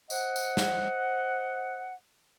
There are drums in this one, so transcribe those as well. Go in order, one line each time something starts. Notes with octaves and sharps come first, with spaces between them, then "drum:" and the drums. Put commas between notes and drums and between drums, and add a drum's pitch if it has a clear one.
C5 D#5 F#5, drum: tambourine
drum: tambourine
drum: snare